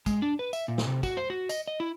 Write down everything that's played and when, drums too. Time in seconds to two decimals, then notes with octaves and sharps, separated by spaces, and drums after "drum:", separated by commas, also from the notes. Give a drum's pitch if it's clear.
0.06 G#3, drum: kick, tambourine
0.22 D4
0.39 B4
0.53 E5, drum: tambourine
0.68 A#2
0.78 drum: snare
0.87 C3
1.03 F#4, drum: kick, tambourine
1.17 C5
1.30 F#4
1.49 D#5, drum: tambourine
1.68 D#5
1.80 E4